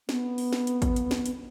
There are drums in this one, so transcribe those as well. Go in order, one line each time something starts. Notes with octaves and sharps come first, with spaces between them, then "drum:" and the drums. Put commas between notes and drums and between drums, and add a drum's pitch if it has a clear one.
B3, drum: snare
drum: open hi-hat
drum: snare
drum: hi-hat
drum: kick, hi-hat
drum: hi-hat
drum: snare
drum: hi-hat